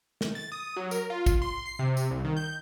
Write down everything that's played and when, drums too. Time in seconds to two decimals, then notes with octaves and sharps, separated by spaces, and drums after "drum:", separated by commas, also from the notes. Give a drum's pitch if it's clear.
0.21 drum: snare
0.35 A6
0.52 D#6
0.76 F#3
0.91 A#4, drum: tambourine
1.10 F4
1.26 drum: kick, tambourine
1.42 C6
1.66 C7
1.79 C3
1.97 drum: tambourine
2.11 C2
2.24 D#3
2.37 G6